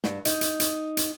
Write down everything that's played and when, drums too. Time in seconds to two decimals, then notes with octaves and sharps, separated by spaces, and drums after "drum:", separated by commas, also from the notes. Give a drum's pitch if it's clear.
0.04 G2, drum: snare
0.25 D#4, drum: hi-hat
0.41 drum: hi-hat
0.60 drum: hi-hat
0.97 drum: hi-hat